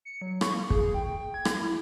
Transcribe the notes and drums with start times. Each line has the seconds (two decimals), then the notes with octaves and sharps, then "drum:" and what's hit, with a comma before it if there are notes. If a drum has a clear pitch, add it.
0.05 C#7
0.22 F#3
0.41 C#6, drum: rim click
0.54 A#3
0.70 G#4, drum: kick
0.94 G5
1.34 G#6
1.45 drum: rim click
1.56 E4